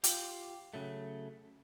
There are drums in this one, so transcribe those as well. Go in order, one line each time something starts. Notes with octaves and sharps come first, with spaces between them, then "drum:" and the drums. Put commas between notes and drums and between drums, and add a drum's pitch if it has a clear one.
F4 G4, drum: hi-hat
C#3 F#3 A3